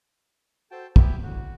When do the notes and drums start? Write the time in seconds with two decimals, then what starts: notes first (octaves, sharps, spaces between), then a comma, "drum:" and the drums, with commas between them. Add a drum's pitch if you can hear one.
0.71 F#4 A4 C5 G5 A5
0.96 B3 E4 G4 G5, drum: kick
1.23 D2 A2 C#3 F#4